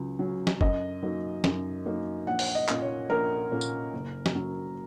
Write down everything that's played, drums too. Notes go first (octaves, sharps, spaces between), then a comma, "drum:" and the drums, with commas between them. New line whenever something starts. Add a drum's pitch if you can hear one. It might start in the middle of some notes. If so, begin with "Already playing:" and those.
Already playing: C#2 C#3 F#3
C#3 F#3 C#4
drum: snare
F#2 D#5, drum: kick F#1
F#3 A#3 D#4
F#2, drum: snare
F#3 A#3 D#4
A#1 F#5
drum: open hi-hat
D#5
A#2 A#3 C#4, drum: clap
C#5
A#1 A#4
A#2 A#3 C#4
drum: tambourine
F#1
drum: snare
F#2 F#3